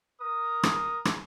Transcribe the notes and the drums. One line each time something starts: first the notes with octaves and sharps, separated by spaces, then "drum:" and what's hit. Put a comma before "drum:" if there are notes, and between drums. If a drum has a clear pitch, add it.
A#4 D#6
drum: rim click
drum: rim click